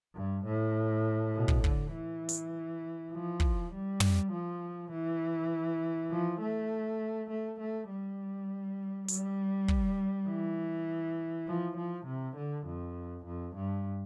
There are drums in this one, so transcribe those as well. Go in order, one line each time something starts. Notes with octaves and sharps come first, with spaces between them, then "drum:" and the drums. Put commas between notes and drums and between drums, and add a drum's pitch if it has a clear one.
G2
A2
B2
drum: kick
D3, drum: kick
E3
drum: hi-hat
F3
drum: kick
G3
drum: tom
F3
E3
F3
A3
A3
A3
G3
G3, drum: hi-hat
drum: kick
E3
F3
F3
C3
D3
F2
F2
G2